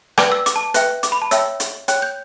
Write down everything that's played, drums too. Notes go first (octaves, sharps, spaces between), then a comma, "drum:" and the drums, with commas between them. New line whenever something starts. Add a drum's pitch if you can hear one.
B4 D5 G5 D6, drum: rim click
E6
D6, drum: hi-hat
A5
B4 E5 G5 F#6, drum: hi-hat
D6, drum: hi-hat
B5
A5
C#5 E5 G5 E6, drum: hi-hat
drum: hi-hat
C#5 G5 F#6, drum: hi-hat
G6